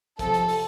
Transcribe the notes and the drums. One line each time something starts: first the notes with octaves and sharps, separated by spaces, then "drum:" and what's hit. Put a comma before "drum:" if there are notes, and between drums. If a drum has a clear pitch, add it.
C3 F3 A4, drum: kick, hi-hat
drum: hi-hat
drum: open hi-hat